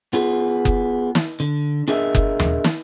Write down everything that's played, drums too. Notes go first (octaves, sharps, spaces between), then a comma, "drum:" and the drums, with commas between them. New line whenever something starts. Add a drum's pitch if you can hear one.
B3 F4 G#4
drum: kick F#1
drum: snare
D3
D4 G#4 A#4 D#5 E5
drum: kick F#1
drum: tom D#2
drum: snare